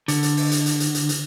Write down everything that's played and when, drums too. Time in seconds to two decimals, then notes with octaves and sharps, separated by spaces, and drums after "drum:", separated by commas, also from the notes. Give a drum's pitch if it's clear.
0.08 D3, drum: hi-hat
0.23 drum: hi-hat
0.37 drum: open hi-hat
0.51 drum: hi-hat
0.66 drum: hi-hat
0.80 drum: hi-hat
0.95 drum: hi-hat
1.09 drum: hi-hat